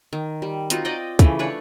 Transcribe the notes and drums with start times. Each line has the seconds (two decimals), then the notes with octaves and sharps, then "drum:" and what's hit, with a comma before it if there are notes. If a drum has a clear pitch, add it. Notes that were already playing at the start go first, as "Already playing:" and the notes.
0.13 D#3
0.42 G3
0.70 C4 D#4 F4 F#4, drum: hi-hat
0.85 D5 D#5 G5
1.19 C#3 E3 F3 A3, drum: kick, hi-hat
1.39 D4 B4 C#5